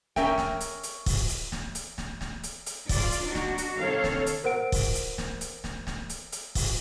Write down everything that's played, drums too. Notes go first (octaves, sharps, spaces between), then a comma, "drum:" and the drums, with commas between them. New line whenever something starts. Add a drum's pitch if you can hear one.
C#4 A#4 E5 G5, drum: snare
drum: snare
drum: hi-hat
drum: hi-hat
drum: kick, open hi-hat
drum: hi-hat
drum: snare
drum: hi-hat
drum: snare
drum: snare
drum: hi-hat
drum: hi-hat
F4 D5, drum: kick, open hi-hat
drum: hi-hat
D4 D#4 F#4
drum: snare
drum: hi-hat
C3 D#3 D4 A4 C#5 F5
drum: snare
drum: hi-hat
A#4 C5 F#5 D7
drum: kick, open hi-hat
drum: hi-hat
drum: snare
drum: hi-hat
drum: snare
drum: snare
drum: hi-hat
drum: hi-hat
drum: kick, open hi-hat